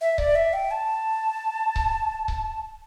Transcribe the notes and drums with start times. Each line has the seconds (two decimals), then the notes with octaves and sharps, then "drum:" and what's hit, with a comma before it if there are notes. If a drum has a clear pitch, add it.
0.01 E5
0.18 D5, drum: kick C#1
0.35 E5
0.53 G5
0.71 A5
1.76 drum: kick C#1
2.28 drum: kick C#1